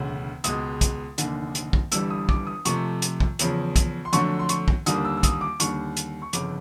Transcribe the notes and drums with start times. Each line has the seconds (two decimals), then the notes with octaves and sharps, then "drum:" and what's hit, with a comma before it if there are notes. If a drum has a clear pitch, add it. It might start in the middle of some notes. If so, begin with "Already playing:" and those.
Already playing: E1 D2 C#3
0.44 C#2 B2 G#3 D#6, drum: hi-hat
0.81 drum: kick, hi-hat
1.18 F1 D#2 D3, drum: hi-hat
1.55 drum: hi-hat
1.73 drum: kick
1.92 G1 G2 E3 G3 E6, drum: hi-hat
2.10 D#6
2.29 D6, drum: kick
2.47 D#6
2.65 F2 C3 F3 A3 C#6, drum: hi-hat
3.02 drum: hi-hat
3.20 drum: kick
3.39 E2 C#3 F3, drum: hi-hat
3.76 drum: kick, hi-hat
4.05 C6
4.13 F2 D3 F#3 A3 C#6, drum: hi-hat
4.39 C6
4.49 C#6, drum: hi-hat
4.68 drum: kick
4.86 D#2 D3 G3 A#3 D#6, drum: hi-hat
5.05 E6
5.17 E6
5.23 D#6, drum: kick, hi-hat
5.41 D6
5.60 D#2 D3 G3 C#6, drum: hi-hat
5.97 drum: hi-hat
6.22 C#6
6.33 G1 F2 C#3 D6, drum: hi-hat